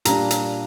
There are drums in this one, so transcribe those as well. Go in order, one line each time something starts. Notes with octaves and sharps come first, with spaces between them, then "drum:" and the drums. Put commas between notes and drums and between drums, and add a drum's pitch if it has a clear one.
A#2 G3 D4 A#5, drum: hi-hat
drum: hi-hat